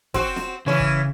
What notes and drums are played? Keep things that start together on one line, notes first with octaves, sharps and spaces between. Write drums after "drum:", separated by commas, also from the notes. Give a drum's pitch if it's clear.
C4 F#4, drum: kick, hi-hat
drum: snare
C#3 E3 C#4
drum: kick